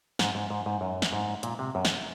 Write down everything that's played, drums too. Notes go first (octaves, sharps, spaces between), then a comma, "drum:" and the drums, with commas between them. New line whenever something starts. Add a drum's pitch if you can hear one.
G#2, drum: snare
G#2
G#2
G#2
F#2
drum: snare
G#2
A#2, drum: hi-hat
C3
F#2
drum: snare